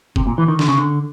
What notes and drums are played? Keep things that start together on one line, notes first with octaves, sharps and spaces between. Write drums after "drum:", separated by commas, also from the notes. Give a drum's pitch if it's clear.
C3, drum: kick F#1
A#2
E3
D#3
D3, drum: snare
C#3
D3